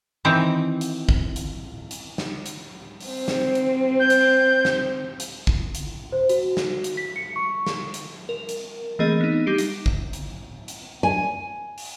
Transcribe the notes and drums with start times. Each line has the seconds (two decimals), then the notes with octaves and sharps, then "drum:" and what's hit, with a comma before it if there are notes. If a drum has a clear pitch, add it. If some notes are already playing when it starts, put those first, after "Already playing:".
0.25 D#3 E3 C4
0.81 drum: hi-hat
1.09 drum: kick
1.36 drum: hi-hat
1.91 drum: hi-hat
2.18 drum: snare
2.46 drum: hi-hat
3.00 drum: open hi-hat
3.10 C4
3.28 drum: snare
3.55 drum: hi-hat
3.99 G6
4.10 drum: hi-hat
4.65 drum: snare
5.20 drum: hi-hat
5.47 drum: kick
5.75 drum: hi-hat
6.12 C5
6.29 F#4, drum: hi-hat
6.57 drum: snare
6.84 drum: hi-hat
6.97 B6
7.16 C#7
7.36 C#6
7.67 drum: snare
7.94 drum: hi-hat
8.29 A#4
8.49 drum: hi-hat
8.99 E3 A3 A#3 C4 G#4 D#5
9.21 B3 D#4
9.46 G3 D#4 G4 C7 D7
9.58 drum: hi-hat
9.86 drum: kick
10.13 drum: hi-hat
10.68 drum: hi-hat
11.03 G#5
11.78 drum: open hi-hat